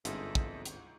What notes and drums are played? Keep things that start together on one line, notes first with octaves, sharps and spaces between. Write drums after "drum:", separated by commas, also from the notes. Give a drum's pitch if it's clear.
G1 C2 G#2 F4 G#4 A4 D#5 E5, drum: hi-hat
drum: kick
drum: hi-hat